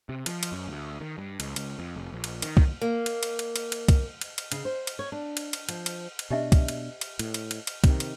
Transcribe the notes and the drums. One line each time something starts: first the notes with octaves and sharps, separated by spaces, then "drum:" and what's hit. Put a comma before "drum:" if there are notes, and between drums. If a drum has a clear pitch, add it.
C3
F3, drum: cymbal
drum: cymbal
F#2
D2
D#3
G2
C#2, drum: cymbal
C#2, drum: cymbal
F2
F1
A#1
drum: cymbal
D#3, drum: cymbal
drum: kick C2
A#3
drum: cymbal
drum: cymbal
drum: cymbal
drum: cymbal
drum: cymbal
drum: kick C2, cymbal
drum: cymbal
drum: cymbal
C#3, drum: cymbal
C5
drum: cymbal
C#5
D4
drum: cymbal
drum: cymbal
F3, drum: cymbal
drum: cymbal
drum: cymbal
B2 D4 G4 D#5 E5
drum: kick C2, cymbal
drum: cymbal
drum: cymbal
A2, drum: cymbal
drum: cymbal
drum: cymbal
drum: cymbal
C3 D#3, drum: kick C2, cymbal
drum: cymbal